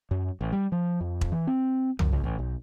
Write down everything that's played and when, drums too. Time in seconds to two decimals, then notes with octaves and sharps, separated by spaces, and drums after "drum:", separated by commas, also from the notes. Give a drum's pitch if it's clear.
0.11 F#2
0.41 A1
0.52 G3
0.72 F3
1.01 F2
1.21 drum: kick E1
1.32 E3
1.47 C4
1.99 F#2, drum: tom C2
2.12 C#2
2.24 A1
2.39 B1